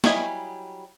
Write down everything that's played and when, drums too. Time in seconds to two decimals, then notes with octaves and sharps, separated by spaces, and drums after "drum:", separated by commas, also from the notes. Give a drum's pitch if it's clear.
0.04 F#3 G3 E4 D#5 G#5, drum: snare